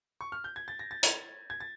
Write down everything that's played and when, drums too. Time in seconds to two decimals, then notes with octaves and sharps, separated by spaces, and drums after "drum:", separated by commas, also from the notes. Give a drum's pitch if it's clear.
0.21 C#6
0.32 F6
0.44 G6
0.56 G#6
0.68 A6
0.79 A#6
0.91 A6
1.03 G#6, drum: hi-hat
1.50 G#6
1.61 A6